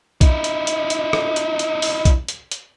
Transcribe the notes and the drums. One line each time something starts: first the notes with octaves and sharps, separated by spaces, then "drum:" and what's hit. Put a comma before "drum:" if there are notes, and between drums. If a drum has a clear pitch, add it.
D#4 E4, drum: kick B1, hi-hat
drum: hi-hat
drum: hi-hat
drum: hi-hat
drum: rim click
drum: hi-hat
drum: hi-hat
drum: open hi-hat
drum: kick B1, hi-hat
drum: hi-hat
drum: hi-hat